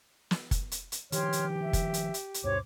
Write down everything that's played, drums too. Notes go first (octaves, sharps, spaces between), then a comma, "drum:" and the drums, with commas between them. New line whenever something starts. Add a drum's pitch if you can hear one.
drum: snare
drum: kick F#1, hi-hat
drum: hi-hat
drum: hi-hat
D#3 F3 G4 C#5 C6 F6, drum: hi-hat
drum: hi-hat
E5
drum: kick F#1, hi-hat
drum: hi-hat
drum: hi-hat
drum: hi-hat
D2 G2 B2 C5 C#5 D6